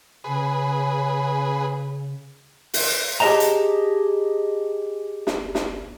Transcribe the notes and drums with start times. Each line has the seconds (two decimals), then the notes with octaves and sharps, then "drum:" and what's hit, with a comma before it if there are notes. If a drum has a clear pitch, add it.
0.24 C#3 G#4 B4
2.74 drum: open hi-hat
3.20 G4 G#4 A#4 D#5 A5 A#5
3.40 drum: hi-hat
5.27 drum: snare
5.55 drum: snare